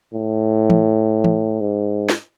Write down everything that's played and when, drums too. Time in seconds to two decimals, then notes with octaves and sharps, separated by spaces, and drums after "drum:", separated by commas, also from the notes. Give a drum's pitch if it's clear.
0.14 A2
0.70 drum: tom E3
1.24 drum: tom E3
1.61 G#2
2.09 drum: snare